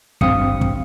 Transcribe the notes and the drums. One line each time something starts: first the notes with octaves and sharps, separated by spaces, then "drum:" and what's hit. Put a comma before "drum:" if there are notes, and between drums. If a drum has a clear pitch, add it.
G#1 G2 C4 F5 D#6 C#7, drum: kick
drum: kick